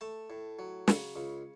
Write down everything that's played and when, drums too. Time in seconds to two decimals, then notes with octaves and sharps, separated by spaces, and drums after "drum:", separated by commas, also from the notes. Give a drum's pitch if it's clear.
0.01 A3 A5
0.30 A2
0.59 F#3
0.88 C#3, drum: snare
1.16 C#2